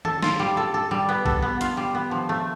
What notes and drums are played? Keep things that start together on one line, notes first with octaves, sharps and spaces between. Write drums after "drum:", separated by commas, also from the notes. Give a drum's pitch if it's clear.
A4, drum: tom D#3
F4, drum: snare
G3
A4
A4
G3
B3
A4, drum: kick A#1
B3
F4, drum: hi-hat
G3
B3
F3
A3